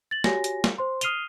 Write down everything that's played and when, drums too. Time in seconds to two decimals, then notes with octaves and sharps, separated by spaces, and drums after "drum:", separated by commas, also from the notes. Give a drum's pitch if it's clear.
0.11 A6 F#7
0.24 F#4 G4 C#5 G#5 A#6, drum: snare
0.44 drum: hi-hat
0.64 drum: snare
0.78 C5 C6
1.01 D#6 F6 C7 D#7 F7 G7, drum: hi-hat